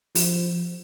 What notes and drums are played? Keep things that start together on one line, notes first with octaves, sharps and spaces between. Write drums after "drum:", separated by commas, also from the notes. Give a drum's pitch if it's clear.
F3, drum: open hi-hat